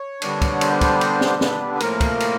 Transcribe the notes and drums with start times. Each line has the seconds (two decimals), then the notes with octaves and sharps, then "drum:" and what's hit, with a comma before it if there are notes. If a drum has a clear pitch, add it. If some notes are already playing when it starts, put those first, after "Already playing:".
Already playing: C#5
0.22 D3 G3 B3 D4, drum: cymbal
0.42 drum: kick, cymbal
0.61 C5, drum: cymbal
0.81 drum: kick, cymbal
1.01 drum: cymbal
1.21 drum: snare
1.41 B4, drum: snare
1.75 B4
1.80 A2 F3 A#3 A#4, drum: cymbal
2.01 drum: kick, cymbal
2.20 drum: cymbal